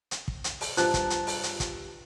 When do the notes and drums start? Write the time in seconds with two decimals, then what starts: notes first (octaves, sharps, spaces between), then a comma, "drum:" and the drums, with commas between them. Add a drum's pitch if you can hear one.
0.11 drum: hi-hat
0.28 drum: kick
0.44 drum: hi-hat
0.61 drum: open hi-hat
0.77 G2 F4 C5 A5 A#5 F#6, drum: hi-hat
0.94 drum: kick, hi-hat
1.10 drum: hi-hat
1.27 drum: open hi-hat
1.43 drum: hi-hat
1.60 drum: kick, hi-hat